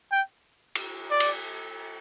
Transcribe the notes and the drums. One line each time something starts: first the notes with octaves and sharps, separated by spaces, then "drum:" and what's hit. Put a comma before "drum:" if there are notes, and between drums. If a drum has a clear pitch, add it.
G5
drum: cymbal
D5
drum: cymbal